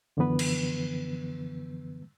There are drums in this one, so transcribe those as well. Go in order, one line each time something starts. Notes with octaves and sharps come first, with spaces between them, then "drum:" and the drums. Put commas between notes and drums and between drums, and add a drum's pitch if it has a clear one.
F#2 D3 E3 F3 B3 B4
drum: cymbal